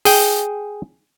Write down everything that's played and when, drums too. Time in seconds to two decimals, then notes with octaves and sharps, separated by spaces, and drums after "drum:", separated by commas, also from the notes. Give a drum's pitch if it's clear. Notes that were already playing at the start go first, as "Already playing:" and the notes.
0.05 G#4 G5, drum: open hi-hat